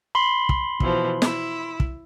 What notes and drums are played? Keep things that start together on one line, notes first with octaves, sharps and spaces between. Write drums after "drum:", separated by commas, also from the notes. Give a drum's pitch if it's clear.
B5 C6
drum: kick
B2 E3 F3, drum: kick
E4, drum: snare
drum: kick